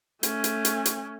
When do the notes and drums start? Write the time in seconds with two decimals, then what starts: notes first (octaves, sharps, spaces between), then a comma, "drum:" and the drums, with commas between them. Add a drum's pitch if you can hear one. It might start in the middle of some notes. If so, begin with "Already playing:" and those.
0.23 A3 C#4, drum: hi-hat
0.44 drum: hi-hat
0.65 drum: hi-hat
0.85 drum: hi-hat